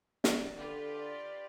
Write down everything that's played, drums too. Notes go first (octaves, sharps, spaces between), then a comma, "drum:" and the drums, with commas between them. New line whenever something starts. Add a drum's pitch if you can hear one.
D5, drum: snare
D3 F4 G4 B4
D5